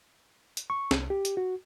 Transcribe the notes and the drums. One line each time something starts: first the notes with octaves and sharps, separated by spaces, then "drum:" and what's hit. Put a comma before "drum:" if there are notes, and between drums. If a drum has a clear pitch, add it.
drum: hi-hat
C#6
C2, drum: snare
G4
drum: hi-hat
F#4